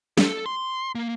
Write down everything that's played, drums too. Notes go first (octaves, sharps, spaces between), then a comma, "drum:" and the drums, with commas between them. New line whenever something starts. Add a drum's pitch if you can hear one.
A4, drum: snare
C6
A#3